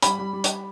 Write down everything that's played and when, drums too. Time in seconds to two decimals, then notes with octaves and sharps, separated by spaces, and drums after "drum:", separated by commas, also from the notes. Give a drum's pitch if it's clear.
0.02 G3 B5, drum: hi-hat
0.19 G3
0.33 G3
0.44 drum: hi-hat